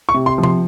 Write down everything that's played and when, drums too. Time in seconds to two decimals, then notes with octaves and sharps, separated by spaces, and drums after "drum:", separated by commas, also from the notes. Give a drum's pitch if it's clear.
0.09 C#6
0.14 C3
0.26 C6
0.38 F3
0.43 C6, drum: tom C3